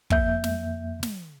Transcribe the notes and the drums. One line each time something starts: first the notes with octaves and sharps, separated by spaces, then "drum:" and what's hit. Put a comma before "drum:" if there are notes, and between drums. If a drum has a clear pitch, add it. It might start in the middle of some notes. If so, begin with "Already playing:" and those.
F2 A#3 E5 G6, drum: kick
drum: snare
drum: snare